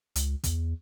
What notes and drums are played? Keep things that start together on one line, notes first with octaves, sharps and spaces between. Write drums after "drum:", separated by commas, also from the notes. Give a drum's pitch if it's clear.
C#2, drum: hi-hat
E2, drum: kick, hi-hat